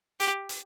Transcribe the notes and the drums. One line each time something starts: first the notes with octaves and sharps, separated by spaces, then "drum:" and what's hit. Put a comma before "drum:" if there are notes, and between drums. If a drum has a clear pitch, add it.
G4, drum: hi-hat
drum: hi-hat